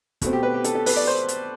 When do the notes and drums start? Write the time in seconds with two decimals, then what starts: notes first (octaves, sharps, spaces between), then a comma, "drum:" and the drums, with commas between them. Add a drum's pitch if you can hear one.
0.22 B2 A3 C4 F#4, drum: kick, hi-hat
0.33 G4
0.43 B4
0.54 G4
0.64 A4, drum: hi-hat
0.75 A4
0.86 B4, drum: open hi-hat
0.96 D5
1.07 C5
1.28 drum: hi-hat